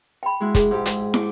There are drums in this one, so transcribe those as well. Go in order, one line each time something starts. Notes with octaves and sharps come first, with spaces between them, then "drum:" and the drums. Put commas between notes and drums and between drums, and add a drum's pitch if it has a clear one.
G5 B5
G#3 E4 F#4
G#4, drum: kick, hi-hat
G#2 G4
drum: hi-hat
D6, drum: snare